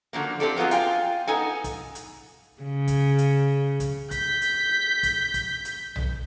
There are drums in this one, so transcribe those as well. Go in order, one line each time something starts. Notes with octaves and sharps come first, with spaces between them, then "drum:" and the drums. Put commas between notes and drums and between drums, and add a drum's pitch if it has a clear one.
D3 F3 F#3 A#3
F3 C4 G4 A4 D5
F3 F#3 B3 F4 G#4
F4 F5 G5 G#5, drum: hi-hat
B3 D#4 A4 G#5
drum: kick, hi-hat
drum: hi-hat
C#3
drum: kick, hi-hat
drum: hi-hat
drum: kick, hi-hat
G6 B6, drum: kick, hi-hat
drum: hi-hat
drum: kick, hi-hat
drum: kick, hi-hat
drum: hi-hat
drum: tom B1